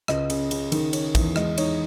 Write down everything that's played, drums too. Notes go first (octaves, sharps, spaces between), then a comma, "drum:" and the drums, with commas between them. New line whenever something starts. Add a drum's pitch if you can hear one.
C#2 D#5, drum: rim click
C#3, drum: cymbal
C#3, drum: cymbal
D#3, drum: cymbal
C#4, drum: cymbal
E2, drum: kick, cymbal
G#3 D#5, drum: rim click
D#4 C#5, drum: cymbal